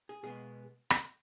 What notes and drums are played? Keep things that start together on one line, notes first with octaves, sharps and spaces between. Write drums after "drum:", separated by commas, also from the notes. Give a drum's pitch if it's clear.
G#4
B2 G#3 B3 G#4
drum: rim click